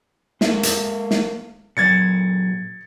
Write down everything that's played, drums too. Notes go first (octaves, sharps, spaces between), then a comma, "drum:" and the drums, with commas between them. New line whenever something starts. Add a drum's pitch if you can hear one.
G#3 A#3 E5, drum: snare
drum: hi-hat
drum: snare
A#2 F#3 G#6 A6 C#7